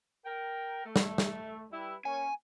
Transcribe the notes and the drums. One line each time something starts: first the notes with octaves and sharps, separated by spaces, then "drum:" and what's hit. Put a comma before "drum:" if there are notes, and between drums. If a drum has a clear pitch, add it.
A#4 G5
A3
drum: snare
drum: snare
G3 E4 B4
A#3 C#4 C#5 G#5